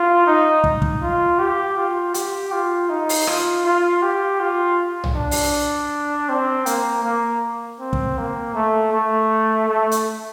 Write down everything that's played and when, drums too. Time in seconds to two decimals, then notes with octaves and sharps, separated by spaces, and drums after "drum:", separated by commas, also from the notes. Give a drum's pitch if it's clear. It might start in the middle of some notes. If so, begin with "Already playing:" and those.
Already playing: F4
0.27 D#4
0.64 drum: kick
0.82 drum: kick
1.02 F4
1.39 G4
1.77 F4
2.14 G4, drum: hi-hat
2.52 F4
2.89 D#4
3.09 drum: open hi-hat
3.27 F4, drum: rim click
3.66 F4
4.02 G4
4.40 F4
5.04 drum: tom B1
5.16 D4
5.31 drum: open hi-hat
6.29 C4
6.66 A#3, drum: hi-hat
7.04 A#3
7.80 C4
7.93 drum: kick
8.18 A#3
8.55 A3
8.92 A3
9.68 A3
9.92 drum: hi-hat